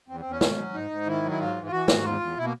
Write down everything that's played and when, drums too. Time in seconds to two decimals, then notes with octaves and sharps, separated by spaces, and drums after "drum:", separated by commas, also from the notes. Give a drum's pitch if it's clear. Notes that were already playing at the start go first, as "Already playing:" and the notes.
0.08 E2 C4
0.20 E2 C4
0.31 C#4
0.41 B2, drum: snare
0.57 F#3
0.74 G#2 D#4
0.91 G#2
1.07 D#3 E4
1.23 F#3
1.31 E4
1.39 G#2 F4
1.56 E3
1.67 F4
1.71 E3 F#4
1.88 G#2, drum: snare
2.04 E2 F4
2.20 E2
2.37 B2 E4
2.44 A#3